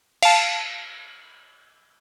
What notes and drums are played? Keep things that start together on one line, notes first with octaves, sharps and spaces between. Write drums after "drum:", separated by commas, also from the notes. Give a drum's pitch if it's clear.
F5 A5, drum: cymbal